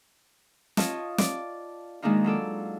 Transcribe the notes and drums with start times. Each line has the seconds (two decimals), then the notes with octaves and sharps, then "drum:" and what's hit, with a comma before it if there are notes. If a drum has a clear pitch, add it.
0.77 F4 C#5 D#5 A5 D#6, drum: snare
1.18 D5, drum: snare
2.02 D#3 G#3 A#3 D4 D#4 F4
2.24 F#3 F4 A4 D5